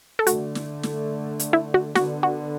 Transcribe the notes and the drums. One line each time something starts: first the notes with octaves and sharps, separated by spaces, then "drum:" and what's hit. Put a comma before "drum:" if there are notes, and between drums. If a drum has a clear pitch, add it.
A4
D3 A3 F#4, drum: hi-hat
drum: snare
drum: snare
drum: hi-hat
E4
F#4
D3 B3 F#4, drum: snare
F#4